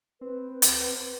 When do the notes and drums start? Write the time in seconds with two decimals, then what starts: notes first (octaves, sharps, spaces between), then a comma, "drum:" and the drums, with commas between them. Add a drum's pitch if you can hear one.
0.21 C4 B4
0.62 drum: hi-hat